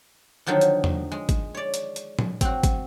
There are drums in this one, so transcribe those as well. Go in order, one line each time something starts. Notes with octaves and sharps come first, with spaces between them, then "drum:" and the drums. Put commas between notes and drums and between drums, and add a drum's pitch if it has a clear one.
D3 D#3 F3 F#3
drum: hi-hat
drum: tom
G#3
drum: kick, hi-hat
C#5 D5
drum: hi-hat
drum: hi-hat
drum: tom
C4 F#4, drum: kick, hi-hat
drum: kick, hi-hat